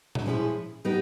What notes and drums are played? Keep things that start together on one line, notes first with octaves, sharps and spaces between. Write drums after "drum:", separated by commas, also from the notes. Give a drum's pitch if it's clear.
drum: tom A#2
F3 G#3 C#4 E4 G#4
G3 B3 D#4 G4